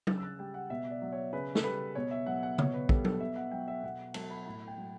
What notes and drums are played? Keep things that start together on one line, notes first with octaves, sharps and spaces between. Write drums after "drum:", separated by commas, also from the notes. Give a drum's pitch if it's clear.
C#3 A6, drum: tom F#3
E6
F#6
G3 G5
F#5
B2 E5
D5
F#3
C#5
C#3 B4
A4, drum: snare
G3 B4
B2 C#5
E5
F#3 F#5
F#5
B2 C#5, drum: tom C#3
B4
G3 A4, drum: kick
A4, drum: tom F#3
B2 E5
F#5
F#3 G5
E5
B2 F#5
F#3 A5, drum: cymbal
B5
A2 B5
G5
F#3